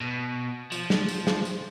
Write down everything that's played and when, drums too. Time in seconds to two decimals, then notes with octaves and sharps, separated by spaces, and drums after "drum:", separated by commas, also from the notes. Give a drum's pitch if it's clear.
0.01 B2
0.72 F3, drum: tambourine
0.90 drum: snare
1.08 drum: tambourine
1.27 drum: snare
1.45 drum: tambourine